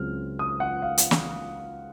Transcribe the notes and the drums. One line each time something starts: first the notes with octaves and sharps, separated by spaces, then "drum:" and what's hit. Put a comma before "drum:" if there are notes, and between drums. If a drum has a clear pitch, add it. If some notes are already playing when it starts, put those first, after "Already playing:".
Already playing: C#2 C#3 F#3 C4 F6
D#6
F#5
F5
drum: hi-hat
drum: snare